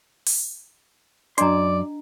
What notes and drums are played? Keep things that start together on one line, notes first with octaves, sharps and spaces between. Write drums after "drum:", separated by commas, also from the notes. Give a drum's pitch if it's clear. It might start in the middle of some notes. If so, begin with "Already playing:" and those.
drum: open hi-hat
F#2 D4 D5 D#5 A#5 C6, drum: hi-hat